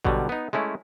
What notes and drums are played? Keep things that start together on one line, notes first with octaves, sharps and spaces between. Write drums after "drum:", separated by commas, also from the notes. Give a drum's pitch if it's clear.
B2 D3 F#3 G3, drum: kick A1
B3 D#4
G#3 A3 C#4 E4